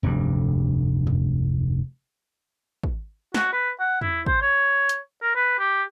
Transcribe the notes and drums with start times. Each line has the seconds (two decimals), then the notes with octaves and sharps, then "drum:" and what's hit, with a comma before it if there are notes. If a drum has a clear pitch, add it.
0.03 F1 D2 G2
1.07 drum: tom
2.83 drum: kick
3.34 F#4, drum: snare
3.53 B4
3.80 F#5
4.01 E4, drum: tom
4.26 C5, drum: kick
4.42 C#5
4.89 drum: hi-hat
5.22 A#4
5.35 B4
5.59 G4